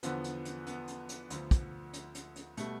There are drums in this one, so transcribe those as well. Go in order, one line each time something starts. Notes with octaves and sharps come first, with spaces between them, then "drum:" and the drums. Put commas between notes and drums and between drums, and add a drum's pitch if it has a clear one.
E2 D3 F3 B3, drum: hi-hat
drum: hi-hat
drum: hi-hat
B3, drum: hi-hat
drum: hi-hat
drum: hi-hat
D2 D3 F3, drum: hi-hat
drum: kick, hi-hat
drum: hi-hat
drum: hi-hat
drum: hi-hat
B2 G3 A3, drum: hi-hat